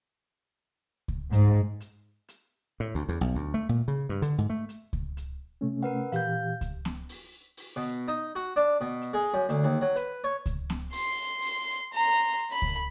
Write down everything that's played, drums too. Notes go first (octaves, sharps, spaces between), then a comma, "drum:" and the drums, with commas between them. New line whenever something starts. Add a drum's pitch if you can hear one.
drum: kick C#2
G#2, drum: hi-hat
drum: hi-hat
drum: hi-hat
A2
D2
E2
B1
D2
A3
A#2
C#3
G2
D3, drum: hi-hat
G#2
A3
drum: hi-hat
drum: kick C#2
drum: hi-hat
C3 A3 C#4
A#4 B4 F#5
A#2 E3 G4 F5 G6, drum: hi-hat
drum: kick C#2, hi-hat
drum: snare B3
drum: open hi-hat
drum: open hi-hat
B2
D#4, drum: hi-hat
F#4
D4, drum: hi-hat
B2
drum: hi-hat
G#3
F#2
D2, drum: hi-hat
D#2
F#3
B4, drum: hi-hat
C#5
drum: kick C#2, hi-hat
drum: snare B3
C6, drum: open hi-hat
drum: open hi-hat
A#5 C6
drum: hi-hat
B5
drum: kick C#2